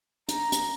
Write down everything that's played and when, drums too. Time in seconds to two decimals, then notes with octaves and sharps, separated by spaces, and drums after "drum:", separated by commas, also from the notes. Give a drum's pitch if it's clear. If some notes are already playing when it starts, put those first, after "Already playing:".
0.29 A#5, drum: hi-hat
0.52 drum: hi-hat